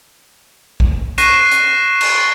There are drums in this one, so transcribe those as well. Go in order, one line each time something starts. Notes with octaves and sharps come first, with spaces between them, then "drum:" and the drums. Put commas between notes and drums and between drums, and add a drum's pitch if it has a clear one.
drum: kick
C#6 F#6 A#6 C7 D#7 E7, drum: hi-hat
drum: hi-hat
drum: cymbal